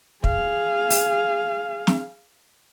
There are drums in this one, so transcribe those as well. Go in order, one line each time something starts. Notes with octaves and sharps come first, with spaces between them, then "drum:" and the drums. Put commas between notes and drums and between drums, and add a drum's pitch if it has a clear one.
G#4 F5, drum: kick
drum: open hi-hat
drum: snare